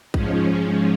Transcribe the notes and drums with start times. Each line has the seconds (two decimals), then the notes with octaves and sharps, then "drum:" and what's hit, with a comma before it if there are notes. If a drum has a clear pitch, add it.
0.14 G#2 F3 G#3 C#4, drum: kick A#1